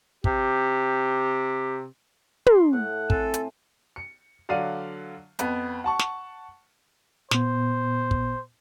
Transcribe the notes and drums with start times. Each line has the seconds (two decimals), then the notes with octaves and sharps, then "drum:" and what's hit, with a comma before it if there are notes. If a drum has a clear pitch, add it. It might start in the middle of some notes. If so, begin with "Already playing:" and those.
0.24 C3 G4, drum: kick
2.46 C6, drum: tom
2.73 A2 F#5
3.10 C4 A4 G#5 A5, drum: kick
3.34 drum: hi-hat
3.96 C#7
4.49 D3 F#3 D5 F5 F#5 D#7
5.39 F2 B3, drum: hi-hat
5.84 F#5 A5 C#6
5.99 drum: snare
7.31 A#2 B3 C5, drum: snare
8.11 drum: kick